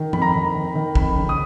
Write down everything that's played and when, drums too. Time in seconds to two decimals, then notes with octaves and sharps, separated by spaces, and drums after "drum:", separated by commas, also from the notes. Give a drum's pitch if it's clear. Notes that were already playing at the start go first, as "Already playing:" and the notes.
Already playing: D#3
0.13 F2 B5, drum: tom
0.22 A#5
0.29 B5
0.34 D#3
0.55 D#3
0.75 D#3
0.95 F2 B5, drum: kick
1.17 C#3
1.29 D#6